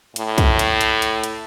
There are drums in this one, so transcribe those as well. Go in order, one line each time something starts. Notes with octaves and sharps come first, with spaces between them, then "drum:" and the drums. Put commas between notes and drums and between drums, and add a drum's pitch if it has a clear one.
A2, drum: hi-hat
drum: kick, hi-hat
drum: hi-hat
drum: hi-hat
drum: hi-hat
drum: hi-hat